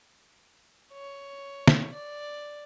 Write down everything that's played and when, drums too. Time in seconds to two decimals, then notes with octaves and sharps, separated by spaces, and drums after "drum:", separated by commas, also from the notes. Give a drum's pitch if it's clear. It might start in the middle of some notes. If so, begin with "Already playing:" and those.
0.93 C#5
1.68 drum: snare
1.93 D5